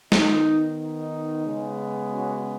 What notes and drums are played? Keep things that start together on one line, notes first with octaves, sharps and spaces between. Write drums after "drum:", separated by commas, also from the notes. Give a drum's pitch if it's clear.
D#3 B3 D#4, drum: snare
D#4
C#3 G#3 B3
C#4 F#4